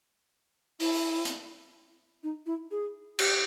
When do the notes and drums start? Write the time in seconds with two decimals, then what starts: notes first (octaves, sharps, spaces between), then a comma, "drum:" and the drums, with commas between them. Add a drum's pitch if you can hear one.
0.80 E4, drum: open hi-hat
1.25 drum: hi-hat
2.23 D#4
2.46 E4
2.71 G#4
3.19 G4, drum: cymbal